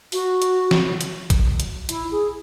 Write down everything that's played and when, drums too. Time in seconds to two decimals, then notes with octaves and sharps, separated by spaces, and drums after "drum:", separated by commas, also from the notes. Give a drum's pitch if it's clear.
0.12 F#4, drum: open hi-hat
0.42 drum: hi-hat
0.71 drum: snare
1.01 drum: hi-hat
1.30 drum: kick A1, hi-hat
1.60 drum: hi-hat
1.89 E4, drum: hi-hat
2.11 G#4